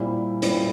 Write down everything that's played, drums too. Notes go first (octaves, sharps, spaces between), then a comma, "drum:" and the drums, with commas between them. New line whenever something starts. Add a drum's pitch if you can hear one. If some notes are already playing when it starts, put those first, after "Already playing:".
Already playing: A#2 G3 C4 E4
A#2 G3 C4 E4, drum: hi-hat